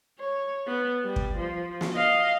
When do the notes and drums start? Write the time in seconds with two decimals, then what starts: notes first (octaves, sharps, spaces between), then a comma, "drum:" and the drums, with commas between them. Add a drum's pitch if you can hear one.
0.19 C#5
0.67 B3
1.05 G3
1.16 drum: kick
1.37 F3
1.81 drum: snare
1.93 D#5 F5